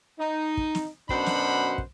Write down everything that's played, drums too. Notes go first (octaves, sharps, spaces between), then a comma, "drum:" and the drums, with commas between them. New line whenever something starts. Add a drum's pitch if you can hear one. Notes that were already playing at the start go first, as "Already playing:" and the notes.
D#4
drum: kick
drum: snare
F#2 B2 D4 C5 F#5 B5, drum: kick
drum: snare
drum: kick